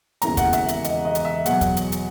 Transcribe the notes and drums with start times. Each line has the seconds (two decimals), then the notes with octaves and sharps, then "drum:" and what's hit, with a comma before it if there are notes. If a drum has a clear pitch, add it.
0.22 E1 D#2 C#3 E3 A#5, drum: hi-hat
0.37 F#5, drum: kick, hi-hat
0.53 E5, drum: hi-hat
0.69 drum: hi-hat
0.84 D#5, drum: hi-hat
1.05 D#5
1.15 drum: hi-hat
1.25 E5
1.46 E2 B2 F#3 F#5, drum: hi-hat
1.61 drum: kick, hi-hat
1.77 drum: hi-hat
1.92 drum: hi-hat